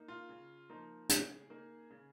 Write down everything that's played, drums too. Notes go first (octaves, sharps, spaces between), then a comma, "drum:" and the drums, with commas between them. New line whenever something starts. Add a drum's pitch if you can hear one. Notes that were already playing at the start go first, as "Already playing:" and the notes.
Already playing: A#3 D#4
F4 F5
C#3
F3 A#3 D#4
C#3 G#4 G#5, drum: hi-hat
A#3 D#4
C#3